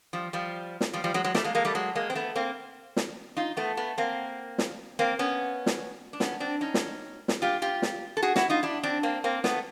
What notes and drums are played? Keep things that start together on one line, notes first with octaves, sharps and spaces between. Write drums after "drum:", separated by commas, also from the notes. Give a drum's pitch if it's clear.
F3 G3
F3 G3
drum: snare
F3 G3
F3 G3
F#3 G#3
F#3 G#3
G3 A3, drum: snare
G#3 A#3
G#3 A#3
G3 A3
F#3 G#3
G#3 A#3
C4
A3 B3
A#3 C4
drum: snare
D#4 F4
A3 B3
A3 B3
A#3 C4
drum: snare
A#3 C4
B3 C#4
drum: snare
D4
B3 C#4, drum: snare
C4 D4
C#4 D#4
drum: snare
drum: snare
F4 G4
F4 G4
drum: snare
A4
F#4 G#4
E4 F#4, drum: snare
D#4 F4
D4 E4
C4 D4
A#3 C4
A#3 C4
A3 B3, drum: snare